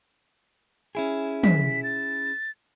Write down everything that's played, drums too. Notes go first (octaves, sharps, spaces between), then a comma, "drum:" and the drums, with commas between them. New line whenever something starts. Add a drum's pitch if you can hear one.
C#4 E4 G#4
B6, drum: tom
A6